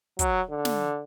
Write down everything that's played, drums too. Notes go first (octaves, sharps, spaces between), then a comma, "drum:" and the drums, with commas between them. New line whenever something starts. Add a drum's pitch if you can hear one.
F#3, drum: kick, hi-hat
D3
drum: snare